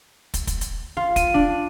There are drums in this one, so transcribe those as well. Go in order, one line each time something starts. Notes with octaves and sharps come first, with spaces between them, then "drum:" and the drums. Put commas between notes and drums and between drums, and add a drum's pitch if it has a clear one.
drum: kick, hi-hat
drum: kick, hi-hat
drum: hi-hat
F4
D#7, drum: kick, hi-hat
D4